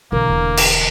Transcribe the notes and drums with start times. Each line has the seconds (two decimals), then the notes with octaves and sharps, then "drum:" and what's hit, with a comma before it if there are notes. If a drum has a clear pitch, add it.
0.12 B1 D3 E3 A#3 A#4
0.29 E1
0.57 drum: cymbal